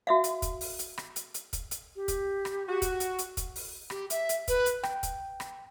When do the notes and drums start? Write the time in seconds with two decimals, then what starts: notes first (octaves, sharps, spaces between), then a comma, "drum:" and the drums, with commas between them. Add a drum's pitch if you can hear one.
0.07 F#4 E5 F5
0.24 drum: hi-hat
0.42 drum: kick, hi-hat
0.61 drum: open hi-hat
0.79 drum: hi-hat
0.98 drum: rim click
1.16 drum: hi-hat
1.34 drum: hi-hat
1.53 drum: kick, hi-hat
1.71 drum: hi-hat
1.96 G4
2.08 drum: kick, hi-hat
2.45 drum: rim click
2.68 F#4
2.82 drum: kick, hi-hat
3.00 drum: hi-hat
3.19 drum: hi-hat
3.37 drum: kick, hi-hat
3.56 drum: open hi-hat
3.90 G4, drum: rim click
4.10 E5, drum: hi-hat
4.29 drum: hi-hat
4.48 B4, drum: kick, hi-hat
4.66 drum: hi-hat
4.83 G5, drum: rim click
5.03 drum: kick, hi-hat
5.40 drum: rim click